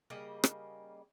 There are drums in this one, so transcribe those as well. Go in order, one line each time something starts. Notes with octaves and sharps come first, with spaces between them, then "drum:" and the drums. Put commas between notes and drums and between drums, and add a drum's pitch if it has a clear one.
C#3 G3 A#3 D#5
drum: rim click